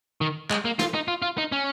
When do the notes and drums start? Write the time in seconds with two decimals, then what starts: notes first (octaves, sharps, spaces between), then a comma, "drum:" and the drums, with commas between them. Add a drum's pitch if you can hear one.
0.21 D#3
0.51 G#3, drum: clap
0.65 A#3
0.79 F4, drum: snare
0.94 D#4
1.08 F4
1.22 F4
1.38 D#4
1.52 C#4